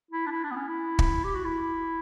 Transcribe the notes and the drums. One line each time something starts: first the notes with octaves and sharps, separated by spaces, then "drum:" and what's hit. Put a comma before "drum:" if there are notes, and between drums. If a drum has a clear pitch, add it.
E4
D4
E4
D4
B3
C#4
E4
drum: kick
G4
F#4
E4